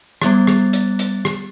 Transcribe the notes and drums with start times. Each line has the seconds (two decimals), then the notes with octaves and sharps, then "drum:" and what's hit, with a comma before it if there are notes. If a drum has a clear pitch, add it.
0.22 G3 B3 D6 F#6 A6, drum: rim click
0.47 drum: rim click
0.73 drum: hi-hat
0.99 drum: hi-hat
1.25 drum: rim click